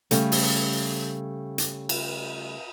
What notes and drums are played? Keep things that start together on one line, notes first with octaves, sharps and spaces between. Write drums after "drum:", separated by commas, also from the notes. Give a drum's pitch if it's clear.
C#3 G3 A3, drum: hi-hat
drum: open hi-hat
drum: hi-hat
drum: cymbal